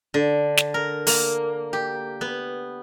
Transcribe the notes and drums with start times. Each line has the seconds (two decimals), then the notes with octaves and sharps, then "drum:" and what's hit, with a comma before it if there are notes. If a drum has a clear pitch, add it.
0.14 D3
0.57 drum: snare
0.74 A#4
1.07 A#3, drum: open hi-hat
1.73 G4
2.21 B3